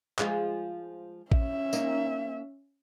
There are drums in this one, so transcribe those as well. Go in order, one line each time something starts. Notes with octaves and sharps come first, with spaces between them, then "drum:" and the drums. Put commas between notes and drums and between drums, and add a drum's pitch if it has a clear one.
F3 G#3 F4, drum: clap
C#4 E5, drum: kick A1
A#3 D#4, drum: tambourine